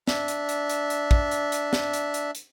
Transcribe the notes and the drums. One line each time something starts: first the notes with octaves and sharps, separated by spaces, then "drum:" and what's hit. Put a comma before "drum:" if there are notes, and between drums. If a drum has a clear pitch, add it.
D4 E5, drum: snare
drum: hi-hat
drum: hi-hat
drum: hi-hat
drum: hi-hat
drum: kick
drum: hi-hat
drum: hi-hat
drum: snare
drum: hi-hat
drum: hi-hat
drum: hi-hat